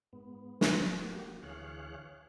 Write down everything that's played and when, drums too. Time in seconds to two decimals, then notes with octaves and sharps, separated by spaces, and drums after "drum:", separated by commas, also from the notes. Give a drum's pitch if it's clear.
0.13 G#2 B3
0.61 drum: snare
0.99 A#3 F#4 G4
1.43 D2 E3 G#4 C#5 F5 F#6